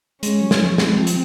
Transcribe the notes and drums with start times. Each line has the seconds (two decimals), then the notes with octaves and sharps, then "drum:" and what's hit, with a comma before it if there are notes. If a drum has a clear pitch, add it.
0.23 G#3 C#4, drum: hi-hat
0.41 F#3
0.51 drum: snare
0.60 F3
0.78 G#3 C4, drum: snare
0.97 F3
1.07 drum: hi-hat